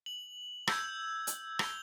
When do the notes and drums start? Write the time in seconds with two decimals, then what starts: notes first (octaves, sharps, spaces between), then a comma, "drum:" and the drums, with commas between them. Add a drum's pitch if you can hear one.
0.06 F#7
0.68 E6 G6 G#6, drum: rim click
1.27 drum: hi-hat
1.59 F7 G7, drum: rim click